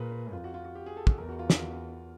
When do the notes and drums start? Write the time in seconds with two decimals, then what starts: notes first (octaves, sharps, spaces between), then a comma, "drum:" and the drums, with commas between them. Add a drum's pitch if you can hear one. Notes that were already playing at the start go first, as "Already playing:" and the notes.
Already playing: A#2 G#4 A#4 B4
0.12 B4
0.33 F2 F4
0.44 F#4
0.54 F4
0.65 F#4
0.75 G4
0.86 G#4
0.97 A4
1.07 A4, drum: kick
1.18 E2 A#4
1.29 F#4
1.39 F4
1.50 F#4, drum: snare